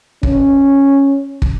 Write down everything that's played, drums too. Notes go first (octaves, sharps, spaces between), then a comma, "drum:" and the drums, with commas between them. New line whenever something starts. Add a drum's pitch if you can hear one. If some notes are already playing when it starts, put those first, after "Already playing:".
C#4, drum: kick
drum: kick